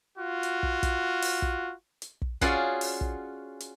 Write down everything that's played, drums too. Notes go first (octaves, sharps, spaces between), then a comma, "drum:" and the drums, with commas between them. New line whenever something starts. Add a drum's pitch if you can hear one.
F4 F#4
drum: hi-hat
drum: kick
drum: kick, hi-hat
drum: open hi-hat
drum: kick
drum: hi-hat
drum: kick
C#4 F4 F#4 G#4 C#5 D5, drum: kick, hi-hat
drum: open hi-hat
drum: kick
drum: hi-hat